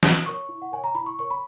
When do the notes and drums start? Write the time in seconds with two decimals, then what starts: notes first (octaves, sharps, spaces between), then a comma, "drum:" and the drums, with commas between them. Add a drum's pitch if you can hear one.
0.03 E4 D#6, drum: snare
0.26 A#4 C#5 C#6
0.49 E4
0.62 F#5
0.72 A#4 C#5 G#5
0.84 A#5
0.95 E4 B5
1.06 C#6
1.19 A#4 C#5 C#6
1.30 B5